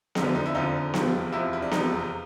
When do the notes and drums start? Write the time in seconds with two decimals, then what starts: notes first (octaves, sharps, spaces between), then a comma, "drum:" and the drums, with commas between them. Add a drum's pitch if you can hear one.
0.15 F#1 F2 D3 F3 D#4, drum: snare B3
0.25 D4
0.35 D#4
0.46 E4
0.55 F#1 F2 D3 F3 D#4
0.94 F1 E2 C3 F3, drum: snare B3
1.32 F1 E2 C3 F3 E4
1.53 E4
1.62 D4
1.71 F1 E2 C3 F3 D#4, drum: snare B3